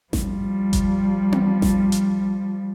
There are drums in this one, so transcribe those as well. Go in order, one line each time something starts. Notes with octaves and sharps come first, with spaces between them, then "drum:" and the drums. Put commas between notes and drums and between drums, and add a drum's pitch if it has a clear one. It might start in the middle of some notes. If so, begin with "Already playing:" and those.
F3 G3, drum: snare A1
drum: kick G1, hi-hat
drum: tom B3
drum: snare A1
drum: hi-hat